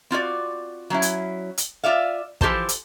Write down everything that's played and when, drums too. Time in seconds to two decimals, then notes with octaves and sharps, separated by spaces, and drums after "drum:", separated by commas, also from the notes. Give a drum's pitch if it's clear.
0.11 C4 F4 F#4 D5
0.90 F#3 C#4 E4
1.02 drum: hi-hat
1.58 drum: hi-hat
1.84 F4 D5 E5 F5
2.41 E3 F3 G4 A4 C5 A5, drum: kick
2.69 drum: hi-hat